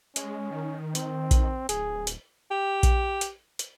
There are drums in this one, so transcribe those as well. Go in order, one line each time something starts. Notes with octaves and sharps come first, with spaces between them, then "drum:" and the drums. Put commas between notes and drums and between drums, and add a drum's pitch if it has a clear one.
G#3 C#4, drum: hi-hat
D#3
C4, drum: hi-hat
drum: kick A#1, hi-hat
D1 G#4, drum: hi-hat
drum: hi-hat
G4
drum: kick A#1, hi-hat
drum: hi-hat
drum: hi-hat